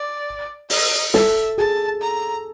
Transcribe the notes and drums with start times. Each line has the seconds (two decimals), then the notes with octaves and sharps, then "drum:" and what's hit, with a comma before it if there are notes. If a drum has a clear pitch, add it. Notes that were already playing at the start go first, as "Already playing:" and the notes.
Already playing: D5
0.70 D#5, drum: open hi-hat
1.14 A4 E5, drum: snare
1.58 G#4 A5
2.01 A#5